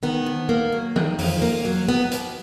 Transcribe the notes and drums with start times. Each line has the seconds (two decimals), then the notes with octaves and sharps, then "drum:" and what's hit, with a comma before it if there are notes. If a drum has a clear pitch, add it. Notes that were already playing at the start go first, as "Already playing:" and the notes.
0.03 D#3 B3
0.26 F2
0.49 A#3
0.72 F#3
0.96 D#3, drum: tom E3
1.19 F2, drum: open hi-hat
1.42 A#3
1.65 F#3
1.88 D#3 B3
2.11 D#2, drum: hi-hat